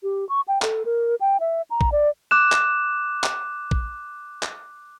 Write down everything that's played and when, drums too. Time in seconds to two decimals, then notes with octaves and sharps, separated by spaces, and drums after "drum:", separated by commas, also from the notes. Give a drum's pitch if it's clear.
0.03 G4
0.29 C#6
0.48 G5
0.62 A4, drum: clap
0.85 A#4
1.21 G5
1.40 E5
1.70 A#5
1.81 drum: kick A#1
1.92 D5
2.31 D6 F#6 E7
2.52 drum: clap
3.24 drum: clap
3.71 drum: kick A#1
4.43 drum: clap